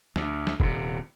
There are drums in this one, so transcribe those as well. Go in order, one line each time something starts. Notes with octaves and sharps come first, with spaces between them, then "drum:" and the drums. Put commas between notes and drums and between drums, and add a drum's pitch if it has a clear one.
D2, drum: snare
drum: snare
D#1 C3, drum: kick